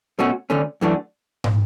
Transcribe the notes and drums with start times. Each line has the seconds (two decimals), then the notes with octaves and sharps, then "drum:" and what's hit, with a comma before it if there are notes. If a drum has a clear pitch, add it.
0.19 B2 A3 C#4 F#4
0.50 D2 D3 A3 C#4
0.81 F#2 E3 A3 D4 F#4
1.44 drum: tom